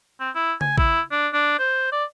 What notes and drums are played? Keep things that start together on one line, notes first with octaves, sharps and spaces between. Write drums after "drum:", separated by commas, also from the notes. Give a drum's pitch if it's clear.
C4
E4
G#5, drum: tom C#3
E4, drum: kick
D4
D4
C5
D5